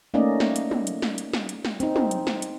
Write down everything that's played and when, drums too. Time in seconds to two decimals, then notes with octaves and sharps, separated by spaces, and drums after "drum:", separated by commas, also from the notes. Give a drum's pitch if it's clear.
0.14 A3 A#3 C#4 D#4 D5 D#5
0.40 drum: snare
0.56 drum: hi-hat
0.71 drum: tom
0.87 drum: hi-hat
1.02 drum: snare
1.18 drum: hi-hat
1.33 drum: snare
1.49 drum: hi-hat
1.65 drum: snare
1.80 C4 D#4, drum: hi-hat
1.96 drum: tom
2.11 drum: hi-hat
2.27 drum: snare
2.42 drum: hi-hat